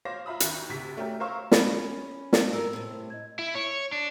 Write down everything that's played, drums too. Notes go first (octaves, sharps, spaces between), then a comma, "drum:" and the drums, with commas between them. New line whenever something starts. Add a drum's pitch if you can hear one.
C5 C#5 F5 D6 A#6
F4 E5 A#5 B5 D#6
D#2, drum: hi-hat
D2 C3 B6
F#3 A3 C#4 G4 A#4
A#4 C5 C#5 F5 C#6 E6
C#4 B5, drum: snare
drum: snare
G2 A#2 A#4 E6
A2 C3
D#5 G#6
E4
C#5
D4